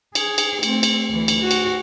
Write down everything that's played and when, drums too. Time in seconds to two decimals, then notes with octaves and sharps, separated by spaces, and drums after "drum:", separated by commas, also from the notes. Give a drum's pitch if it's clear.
0.15 G#4, drum: cymbal
0.38 drum: cymbal
0.63 A3 C4, drum: cymbal
0.83 drum: cymbal
1.10 D2 E3
1.28 drum: cymbal
1.40 F#4
1.51 drum: cymbal